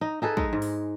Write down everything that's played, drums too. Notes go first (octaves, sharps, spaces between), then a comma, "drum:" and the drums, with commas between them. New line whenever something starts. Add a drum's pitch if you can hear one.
D#4
D#4 G#4 A4 B4
G#3 D#4, drum: kick
G#2
drum: open hi-hat